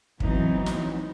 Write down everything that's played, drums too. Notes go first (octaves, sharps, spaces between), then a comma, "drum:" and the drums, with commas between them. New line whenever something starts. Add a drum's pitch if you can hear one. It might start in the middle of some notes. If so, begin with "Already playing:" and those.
E3 F#3 B3 C4 D#4, drum: kick
drum: snare